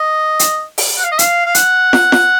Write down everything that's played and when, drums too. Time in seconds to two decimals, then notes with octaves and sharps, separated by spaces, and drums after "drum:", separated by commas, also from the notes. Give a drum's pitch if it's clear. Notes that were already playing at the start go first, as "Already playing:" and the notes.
Already playing: D#5
0.39 drum: hi-hat
0.78 drum: open hi-hat
0.98 F#5
1.04 F5
1.12 D#5
1.19 F5, drum: hi-hat
1.46 F5
1.55 F#5, drum: hi-hat
1.93 drum: snare
2.12 drum: snare